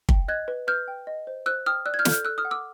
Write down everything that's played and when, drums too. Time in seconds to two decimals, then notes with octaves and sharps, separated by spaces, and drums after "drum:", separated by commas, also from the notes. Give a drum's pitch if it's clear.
0.09 G5, drum: kick
0.28 D#5 F#6 G#6
0.48 B4
0.68 B4 F6 G6
0.88 G5
1.07 D#5
1.27 C5
1.46 C5 E6 F#6
1.66 G5 D#6 F6
1.86 D5 E6 F#6
1.94 G#6
1.99 F6 G6
2.05 A4, drum: snare
2.11 F6 G6
2.25 A4 E6 F#6
2.38 D#6 F6
2.45 F#5
2.51 D6 E6